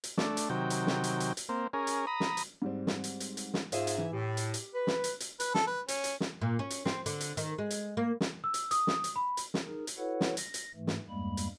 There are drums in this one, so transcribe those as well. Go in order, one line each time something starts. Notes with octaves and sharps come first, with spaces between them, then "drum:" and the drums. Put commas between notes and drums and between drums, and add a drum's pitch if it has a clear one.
drum: hi-hat
A3 D4, drum: snare
drum: hi-hat
C3 D#3 F#3 G5
drum: hi-hat
drum: snare
drum: hi-hat
drum: hi-hat
drum: hi-hat
A#3 C4
C#4 G#4 A#4
drum: hi-hat
A#5 B5 D#6
drum: snare
drum: hi-hat
G#2 G3 C4
drum: snare
drum: hi-hat
drum: hi-hat
drum: hi-hat
drum: snare
G#2 F4 G#4 C5 E5, drum: hi-hat
drum: hi-hat
E3
A2 G4
drum: hi-hat
drum: hi-hat
B4
drum: snare
drum: hi-hat
drum: hi-hat
B4, drum: hi-hat
A4, drum: snare
B4
C#4, drum: hi-hat
drum: hi-hat
drum: snare
A#2
C#4
drum: hi-hat
C4, drum: snare
D3, drum: hi-hat
drum: hi-hat
D#3, drum: hi-hat
G#3
drum: hi-hat
A#3
drum: snare
E6
drum: hi-hat
D#6, drum: hi-hat
drum: snare
drum: hi-hat
B5
drum: hi-hat
drum: snare
D#4 G#4 A#4
drum: hi-hat
E4 F#4 A4 B4 C#5 F#5
drum: snare
A#6, drum: hi-hat
drum: hi-hat
G#2 E3 A3
drum: snare
E2 G2 G3 G#3 A#3 B5
drum: hi-hat